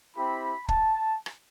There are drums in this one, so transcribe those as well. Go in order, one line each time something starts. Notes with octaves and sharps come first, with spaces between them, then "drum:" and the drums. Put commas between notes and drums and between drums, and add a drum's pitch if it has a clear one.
C4 E4 G4 B5
A5, drum: kick
drum: rim click